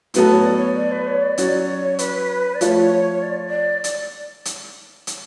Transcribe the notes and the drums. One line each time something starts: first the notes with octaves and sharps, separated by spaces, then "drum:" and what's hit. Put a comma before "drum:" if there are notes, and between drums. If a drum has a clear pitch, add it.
A2 F#3 B3 F#4 A4 B4, drum: hi-hat
B4
C#5
D5
C#5
D5
B4
C#5
D5
F#3 C#4 F#4 C#5, drum: hi-hat
D5
C#5
B4, drum: hi-hat
D5
F3 A3 F4 C#5, drum: hi-hat
D5
D5
drum: hi-hat
drum: hi-hat
drum: hi-hat